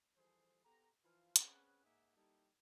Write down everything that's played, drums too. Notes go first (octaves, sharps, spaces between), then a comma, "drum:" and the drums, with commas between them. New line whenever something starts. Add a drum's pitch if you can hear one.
E3 F3 G3 G#4 A4 C5
B3 G4 A4 C5 A#5
E3 F3 F4 F5
C4 C#4 G#4 B4 F#5 B5, drum: hi-hat
G#2 A#3 D#4 E5 F#5 G#5
G3 A#3 D#4 E4 G4 A4